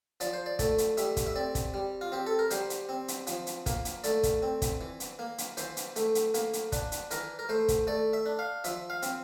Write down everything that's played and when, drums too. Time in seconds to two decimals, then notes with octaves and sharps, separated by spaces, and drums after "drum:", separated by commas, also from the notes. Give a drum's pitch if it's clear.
0.20 F3 D5, drum: hi-hat
0.33 C5
0.46 D5
0.59 A3 D5, drum: kick, hi-hat
0.78 drum: hi-hat
0.97 G3 E5, drum: hi-hat
1.17 drum: kick, hi-hat
1.27 E5
1.36 C4 D5
1.55 drum: kick, hi-hat
1.74 G3
2.01 F4
2.12 C4 G4
2.26 A4
2.39 A#4
2.50 G3 C5, drum: hi-hat
2.70 drum: hi-hat
2.89 C4
3.08 drum: hi-hat
3.27 F3, drum: hi-hat
3.47 drum: hi-hat
3.66 A#3, drum: kick, hi-hat
3.85 drum: hi-hat
4.04 A3 D5, drum: hi-hat
4.23 drum: kick, hi-hat
4.43 C4
4.62 drum: kick, hi-hat
4.81 E3
5.00 drum: hi-hat
5.19 A#3
5.38 drum: hi-hat
5.57 E3 C5, drum: hi-hat
5.77 drum: hi-hat
5.96 A3, drum: hi-hat
6.15 drum: hi-hat
6.34 A#3, drum: hi-hat
6.53 drum: hi-hat
6.72 D4, drum: kick, hi-hat
6.92 drum: hi-hat
7.11 E3 A#4, drum: hi-hat
7.39 A#4
7.49 A3 C5
7.68 drum: kick, hi-hat
7.87 A3 D5
8.13 E5
8.26 D4
8.39 F5
8.64 F3 E5, drum: hi-hat
8.90 F5
9.02 C4, drum: hi-hat